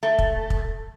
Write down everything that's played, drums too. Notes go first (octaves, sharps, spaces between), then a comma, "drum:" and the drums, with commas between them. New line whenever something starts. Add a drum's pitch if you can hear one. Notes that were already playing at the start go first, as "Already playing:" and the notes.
A3
drum: kick
drum: kick